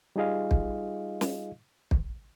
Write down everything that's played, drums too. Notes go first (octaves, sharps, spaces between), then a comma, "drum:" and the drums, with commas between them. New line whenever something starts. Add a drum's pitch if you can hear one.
G3 D#4 F4 G#4 D#5 F5
drum: kick
drum: snare
drum: kick